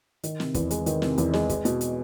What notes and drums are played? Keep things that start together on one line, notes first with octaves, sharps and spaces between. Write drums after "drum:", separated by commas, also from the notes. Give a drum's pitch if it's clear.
D#3, drum: hi-hat
C3, drum: snare
E2, drum: kick, hi-hat
G#3, drum: hi-hat
D#3, drum: hi-hat
C3, drum: snare
E2, drum: hi-hat
G#3, drum: snare
G#3, drum: kick, hi-hat
B2, drum: hi-hat
drum: hi-hat